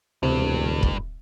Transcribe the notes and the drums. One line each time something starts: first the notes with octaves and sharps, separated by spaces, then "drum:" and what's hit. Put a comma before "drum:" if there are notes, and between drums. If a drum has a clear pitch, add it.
E1 D2 G2 C3
drum: kick